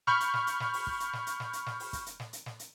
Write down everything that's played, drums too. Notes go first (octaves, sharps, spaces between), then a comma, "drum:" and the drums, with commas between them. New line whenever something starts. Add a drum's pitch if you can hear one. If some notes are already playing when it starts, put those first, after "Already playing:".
B5 C#6 F6 G6, drum: snare
drum: hi-hat
drum: snare
drum: hi-hat
drum: snare
drum: open hi-hat
drum: kick
drum: hi-hat
drum: snare
drum: hi-hat
drum: snare
drum: hi-hat
drum: snare
drum: open hi-hat
drum: kick, hi-hat
drum: hi-hat
drum: snare
drum: hi-hat
drum: snare
drum: hi-hat